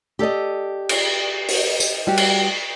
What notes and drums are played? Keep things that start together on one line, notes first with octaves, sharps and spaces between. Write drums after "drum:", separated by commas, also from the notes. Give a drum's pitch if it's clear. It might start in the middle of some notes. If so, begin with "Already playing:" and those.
G4 A4 D5 D#5
drum: cymbal
drum: open hi-hat
drum: tambourine
G3 F#4 G4
drum: cymbal